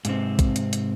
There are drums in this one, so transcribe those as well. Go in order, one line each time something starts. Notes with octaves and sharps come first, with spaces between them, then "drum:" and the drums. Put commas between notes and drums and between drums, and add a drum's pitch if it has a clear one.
G#2 C3 C4, drum: hi-hat
drum: kick A#1, hi-hat
drum: hi-hat
drum: hi-hat